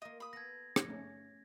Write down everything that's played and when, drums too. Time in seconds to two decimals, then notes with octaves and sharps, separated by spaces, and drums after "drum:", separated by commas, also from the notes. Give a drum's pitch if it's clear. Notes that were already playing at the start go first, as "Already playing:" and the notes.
0.02 A#3 F4 D#5
0.20 B5 D#6
0.33 B3 A4 G#6 A#6
0.76 drum: rim click
0.89 A3 C#4